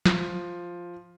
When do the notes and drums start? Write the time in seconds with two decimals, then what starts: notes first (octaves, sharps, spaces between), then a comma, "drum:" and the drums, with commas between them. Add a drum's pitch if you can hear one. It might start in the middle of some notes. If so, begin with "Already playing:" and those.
0.05 F3, drum: snare